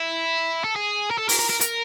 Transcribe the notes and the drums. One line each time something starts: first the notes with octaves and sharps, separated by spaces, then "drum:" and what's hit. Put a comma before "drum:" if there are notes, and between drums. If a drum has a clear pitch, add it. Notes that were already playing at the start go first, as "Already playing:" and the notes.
Already playing: E4
A4
G#4
A#4
A4
A#4, drum: open hi-hat
A#4
A#4
A#4, drum: hi-hat